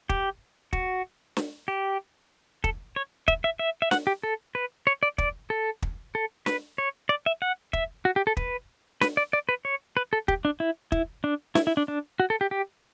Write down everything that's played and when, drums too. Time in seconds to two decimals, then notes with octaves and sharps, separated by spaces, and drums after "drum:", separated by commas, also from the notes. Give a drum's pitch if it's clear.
0.09 G4, drum: kick
0.73 F#4, drum: kick
1.37 drum: snare
1.68 G4
2.64 A4, drum: kick
2.96 C#5
3.28 E5, drum: kick
3.44 E5
3.59 E5
3.82 E5
3.91 F#5, drum: snare
4.07 G4
4.23 A4
4.55 B4
4.87 C#5
5.03 D5
5.18 D5, drum: kick
5.50 A4
5.82 drum: kick
6.15 A4
6.46 B4, drum: snare
6.78 C#5
7.09 D5
7.26 E5
7.42 F#5
7.73 E5, drum: kick
8.05 F#4
8.16 G4
8.27 A4
8.37 B4, drum: kick
9.01 B4, drum: snare
9.17 D5
9.33 D5
9.49 B4
9.65 C#5
9.97 B4
10.13 A4
10.28 G4, drum: kick
10.45 D4
10.60 E4
10.92 E4, drum: kick
11.24 D4
11.55 E4, drum: snare
11.67 E4
11.77 D4
11.88 D4
12.20 F#4
12.30 A4
12.41 G4
12.51 G4